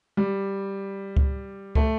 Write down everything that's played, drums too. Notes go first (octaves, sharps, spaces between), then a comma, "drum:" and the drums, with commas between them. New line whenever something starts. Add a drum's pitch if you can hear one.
G3
drum: kick C#2
A3, drum: kick C#2